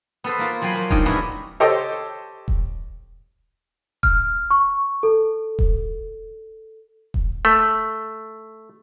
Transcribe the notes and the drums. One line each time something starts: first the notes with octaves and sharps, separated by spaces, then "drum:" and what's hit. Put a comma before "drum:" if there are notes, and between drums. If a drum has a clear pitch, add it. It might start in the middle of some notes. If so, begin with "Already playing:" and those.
B3 A4 B4 C5
A#3 F4
F3 F#3 G5 G#5 B5 C6
A#3
G#2 C#3 D4 D#5 G5, drum: kick D#1
B3 C#4 D4 E4 F#4 G#4
G4 A4 C5 C#5 D#5 G5
drum: kick D#1
F6, drum: kick D#1
C#6
A4
drum: kick D#1
drum: kick D#1
A3